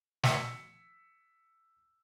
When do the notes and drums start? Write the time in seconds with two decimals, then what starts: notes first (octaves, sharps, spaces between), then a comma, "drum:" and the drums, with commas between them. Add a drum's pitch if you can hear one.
0.23 E6 B6 C#7, drum: snare